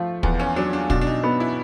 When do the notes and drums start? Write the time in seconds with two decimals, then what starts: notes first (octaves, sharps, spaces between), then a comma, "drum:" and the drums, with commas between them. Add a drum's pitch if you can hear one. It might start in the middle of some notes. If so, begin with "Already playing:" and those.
Already playing: F3 A3
0.23 E2 B3, drum: kick
0.40 C#4
0.56 F#3 D4
0.73 D4
0.90 B2 D4, drum: kick
1.01 D4
1.07 D#4
1.24 B3
1.40 E4